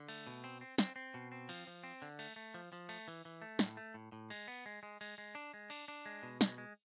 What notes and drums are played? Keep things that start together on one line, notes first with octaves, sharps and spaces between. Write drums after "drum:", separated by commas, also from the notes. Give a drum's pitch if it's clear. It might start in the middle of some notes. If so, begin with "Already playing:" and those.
Already playing: D3
A3, drum: cymbal
B2
C4
C4
C4, drum: snare
C4
B2
C4
F3, drum: cymbal
F3
C4
D3
A3, drum: cymbal
A3
F3
F3
A3, drum: cymbal
E3
E3
A3
A2, drum: snare
A3
A2
A2
G#3, drum: cymbal
B3
G#3
G#3
G#3, drum: cymbal
G#3
D4
G#3
D4, drum: cymbal
D4
G#3
B2
G#3, drum: snare
G#3